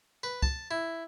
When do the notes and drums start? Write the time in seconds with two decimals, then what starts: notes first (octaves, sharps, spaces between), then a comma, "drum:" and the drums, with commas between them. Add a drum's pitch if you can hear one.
0.23 B4
0.42 A5, drum: kick
0.71 E4